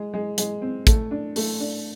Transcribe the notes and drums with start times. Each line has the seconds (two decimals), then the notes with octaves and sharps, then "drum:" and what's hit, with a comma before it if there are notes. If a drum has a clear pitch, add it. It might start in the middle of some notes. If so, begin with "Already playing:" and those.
Already playing: G#3
0.14 G#3
0.38 G#3, drum: hi-hat
0.62 C4
0.87 A3, drum: kick, hi-hat
1.11 D4
1.36 A3, drum: open hi-hat
1.60 D4